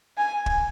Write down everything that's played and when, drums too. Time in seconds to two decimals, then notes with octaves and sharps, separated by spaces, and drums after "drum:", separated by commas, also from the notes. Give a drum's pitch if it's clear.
0.17 G#5
0.46 drum: kick